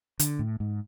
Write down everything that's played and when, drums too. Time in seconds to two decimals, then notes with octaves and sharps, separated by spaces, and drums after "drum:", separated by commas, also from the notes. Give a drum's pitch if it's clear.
0.19 D3, drum: hi-hat
0.39 A2
0.60 G#2